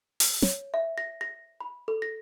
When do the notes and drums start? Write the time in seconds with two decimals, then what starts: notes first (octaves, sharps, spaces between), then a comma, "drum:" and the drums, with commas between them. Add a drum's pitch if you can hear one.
0.20 drum: open hi-hat
0.42 C#5, drum: snare
0.74 E5
0.98 A#6
1.21 A#6
1.61 B5
1.88 A4
2.02 A#6